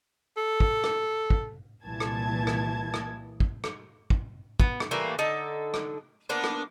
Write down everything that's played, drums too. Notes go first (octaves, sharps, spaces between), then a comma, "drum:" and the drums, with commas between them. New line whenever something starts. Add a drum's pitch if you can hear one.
A4
drum: kick
drum: rim click
drum: kick
C2 A#2 E3 A5 G#6
drum: rim click
drum: rim click
drum: rim click
drum: kick
drum: rim click
drum: kick
B3, drum: kick
drum: rim click
E3 G3 A3 A#3
D3 D#4 A4 A5
drum: rim click
A#3 B3 D4 C5
drum: rim click